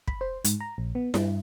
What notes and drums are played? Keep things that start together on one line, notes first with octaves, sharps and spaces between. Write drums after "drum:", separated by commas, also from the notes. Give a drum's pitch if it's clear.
B5, drum: kick
C5
G#2, drum: hi-hat
A#5
A#1
B3
G2, drum: snare E4